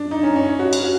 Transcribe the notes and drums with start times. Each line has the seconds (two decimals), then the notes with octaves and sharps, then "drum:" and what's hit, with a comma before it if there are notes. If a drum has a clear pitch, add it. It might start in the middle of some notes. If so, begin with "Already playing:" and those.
Already playing: D4
0.11 D#4
0.23 C#4
0.36 C#4
0.59 F#4
0.73 drum: cymbal
0.83 F#4